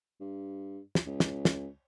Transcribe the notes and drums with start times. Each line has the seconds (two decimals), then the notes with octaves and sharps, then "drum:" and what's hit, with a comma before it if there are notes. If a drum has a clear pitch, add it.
0.20 G2
0.95 drum: snare
1.06 C#2
1.20 drum: snare
1.45 drum: snare